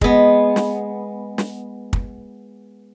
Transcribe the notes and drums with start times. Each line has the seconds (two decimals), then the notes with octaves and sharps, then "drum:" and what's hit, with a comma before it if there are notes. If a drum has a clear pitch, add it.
0.01 G#3 B3, drum: kick
0.56 drum: snare
1.38 drum: snare
1.93 drum: kick